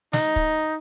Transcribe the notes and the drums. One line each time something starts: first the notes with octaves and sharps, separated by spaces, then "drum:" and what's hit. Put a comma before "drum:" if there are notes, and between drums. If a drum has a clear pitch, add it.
D#4, drum: snare
drum: kick